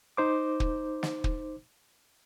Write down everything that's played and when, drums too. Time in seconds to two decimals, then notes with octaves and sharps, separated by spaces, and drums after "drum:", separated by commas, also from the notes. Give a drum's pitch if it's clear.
0.17 D#4 C5 D6
0.60 drum: kick
1.03 drum: snare
1.24 drum: kick